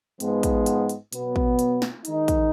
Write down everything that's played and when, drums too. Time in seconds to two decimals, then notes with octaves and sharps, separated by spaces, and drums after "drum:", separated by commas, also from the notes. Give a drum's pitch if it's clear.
0.20 G#2 F3 G#3 B3, drum: hi-hat
0.43 drum: kick, hi-hat
0.66 drum: hi-hat
0.89 drum: hi-hat
1.13 B2 F#3 B3, drum: hi-hat
1.36 drum: kick
1.59 drum: hi-hat
1.82 drum: snare
2.05 D#3 G#3 D#4, drum: hi-hat
2.28 drum: kick, hi-hat